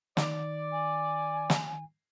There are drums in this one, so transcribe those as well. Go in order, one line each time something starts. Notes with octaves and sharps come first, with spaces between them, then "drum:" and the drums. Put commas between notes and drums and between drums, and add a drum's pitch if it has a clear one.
D#3 D5, drum: snare
G#5
drum: snare